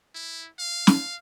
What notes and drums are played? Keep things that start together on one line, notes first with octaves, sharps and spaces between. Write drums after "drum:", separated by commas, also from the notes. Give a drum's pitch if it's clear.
E4
F5
drum: snare